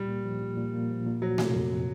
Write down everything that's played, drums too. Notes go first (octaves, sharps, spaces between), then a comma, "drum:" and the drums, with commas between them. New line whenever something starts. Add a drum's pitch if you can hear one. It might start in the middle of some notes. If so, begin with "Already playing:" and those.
Already playing: A#2 G3
A#3
F3
A#2
A#2
A#3
F3
A#2
F3 F#3
C3, drum: snare A3
F2